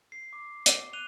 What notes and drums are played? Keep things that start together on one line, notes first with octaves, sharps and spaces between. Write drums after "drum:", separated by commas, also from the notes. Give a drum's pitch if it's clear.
C7
D6
drum: hi-hat
F#6 D#7 F7 G7